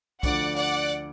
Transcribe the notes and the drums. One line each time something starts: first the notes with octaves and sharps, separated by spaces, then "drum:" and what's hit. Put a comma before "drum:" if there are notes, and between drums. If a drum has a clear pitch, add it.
D2 D3 F3 D5 F#5, drum: kick B1, hi-hat
D5 F#5, drum: hi-hat
drum: hi-hat